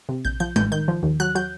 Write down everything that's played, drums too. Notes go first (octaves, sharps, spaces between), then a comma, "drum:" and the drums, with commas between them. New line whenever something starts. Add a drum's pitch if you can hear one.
C3
A#1 G6
F3 G6
A1 G6, drum: tom G#3
D#3 G6
F3
D#2
F#3 F#6
F#3 G6